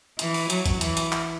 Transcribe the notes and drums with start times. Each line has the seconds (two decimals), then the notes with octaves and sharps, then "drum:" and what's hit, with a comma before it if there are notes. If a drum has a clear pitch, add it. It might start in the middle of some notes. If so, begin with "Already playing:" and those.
0.19 E3, drum: hi-hat
0.34 drum: open hi-hat
0.50 F#3, drum: hi-hat
0.66 drum: kick, hi-hat
0.81 E3, drum: hi-hat
0.97 drum: hi-hat
1.12 drum: clap